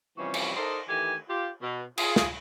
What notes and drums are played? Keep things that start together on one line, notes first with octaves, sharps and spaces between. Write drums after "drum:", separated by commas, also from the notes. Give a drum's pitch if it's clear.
C3 E3 F3 G3 C#4 F#4
drum: cymbal
D#4 A4 A#4 C5 D5 D#5
D#3 E3 A3 G4 G#5
F4 G4
B2
F4 G#4, drum: cymbal
drum: snare